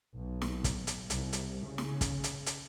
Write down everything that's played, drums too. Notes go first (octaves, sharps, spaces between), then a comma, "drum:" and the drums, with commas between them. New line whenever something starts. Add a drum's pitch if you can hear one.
B1
drum: snare
drum: kick, hi-hat
drum: hi-hat
C2, drum: hi-hat
drum: hi-hat
C#3
drum: snare
drum: kick, hi-hat
drum: hi-hat
drum: hi-hat